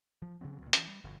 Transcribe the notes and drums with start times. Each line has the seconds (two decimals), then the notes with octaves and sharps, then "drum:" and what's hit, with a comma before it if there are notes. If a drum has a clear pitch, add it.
0.22 F3
0.41 C#3 F3 F#3 C4
0.62 C#2 A#2
0.73 E3 C#4, drum: hi-hat
0.87 G3
1.04 G1 F2 B2